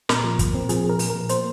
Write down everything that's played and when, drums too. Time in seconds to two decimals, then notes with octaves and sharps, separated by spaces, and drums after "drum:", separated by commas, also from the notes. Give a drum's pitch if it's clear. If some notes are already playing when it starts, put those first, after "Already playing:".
0.09 A#2 A#4, drum: snare
0.24 F3
0.39 A#2, drum: kick, hi-hat
0.54 C4
0.69 F3 G#4, drum: hi-hat
0.84 A#2
0.89 A#4
0.99 A#2, drum: open hi-hat
1.10 F3 A#4
1.29 A#3 C5, drum: hi-hat